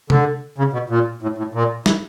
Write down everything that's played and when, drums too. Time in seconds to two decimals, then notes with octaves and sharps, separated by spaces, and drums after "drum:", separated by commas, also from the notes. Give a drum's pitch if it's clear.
0.10 D3, drum: tom C3
0.58 C#3
0.73 B2
0.89 A#2
1.22 A2
1.38 A2
1.54 A#2
1.86 E3, drum: snare